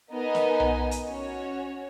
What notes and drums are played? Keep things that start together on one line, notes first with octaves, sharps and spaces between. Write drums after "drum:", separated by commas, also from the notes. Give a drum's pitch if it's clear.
B3 D#4 A#4 D#5 G#5
drum: snare
drum: tom B1
drum: hi-hat
C#4 F#4 C#5